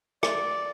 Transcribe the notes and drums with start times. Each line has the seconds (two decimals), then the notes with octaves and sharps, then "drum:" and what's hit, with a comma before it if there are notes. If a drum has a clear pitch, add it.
0.23 D5, drum: rim click